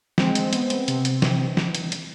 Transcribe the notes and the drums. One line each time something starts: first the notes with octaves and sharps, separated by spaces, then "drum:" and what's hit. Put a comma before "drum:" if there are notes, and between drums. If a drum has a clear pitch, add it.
G#3 C4, drum: snare
drum: hi-hat
B3, drum: hi-hat
drum: hi-hat
C3, drum: hi-hat
drum: hi-hat
E3, drum: snare
drum: snare
drum: hi-hat
drum: hi-hat